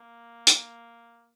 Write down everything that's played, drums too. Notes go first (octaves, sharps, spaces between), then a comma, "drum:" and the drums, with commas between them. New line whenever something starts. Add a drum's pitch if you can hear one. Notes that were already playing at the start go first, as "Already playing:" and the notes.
Already playing: A#3
drum: hi-hat